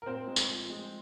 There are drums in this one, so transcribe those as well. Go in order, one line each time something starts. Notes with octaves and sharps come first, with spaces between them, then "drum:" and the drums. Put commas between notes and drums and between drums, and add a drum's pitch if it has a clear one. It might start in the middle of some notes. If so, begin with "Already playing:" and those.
A#4
A#2 C4 C5
G#3
drum: tambourine
F3
G#3